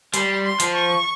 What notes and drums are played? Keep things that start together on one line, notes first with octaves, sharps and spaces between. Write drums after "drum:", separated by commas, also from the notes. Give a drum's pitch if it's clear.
G3 C6, drum: hi-hat
C6
F3, drum: hi-hat
C#6